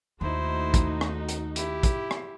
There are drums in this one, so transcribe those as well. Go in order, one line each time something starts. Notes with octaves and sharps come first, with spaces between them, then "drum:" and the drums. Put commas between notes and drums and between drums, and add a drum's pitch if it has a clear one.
D#2 A3 D#4 E4 F#4 C5
drum: kick, hi-hat
drum: rim click
drum: hi-hat
E4 G4, drum: hi-hat
drum: kick, hi-hat
drum: rim click